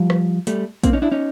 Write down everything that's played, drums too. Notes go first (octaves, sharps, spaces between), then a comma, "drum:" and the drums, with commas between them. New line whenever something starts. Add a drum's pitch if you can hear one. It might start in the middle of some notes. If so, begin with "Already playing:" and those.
Already playing: F3 G3
drum: rim click
G3 A3, drum: hi-hat
A#3 C4, drum: kick A#1, hi-hat
C#4 D#4
D4 E4
C#4 D#4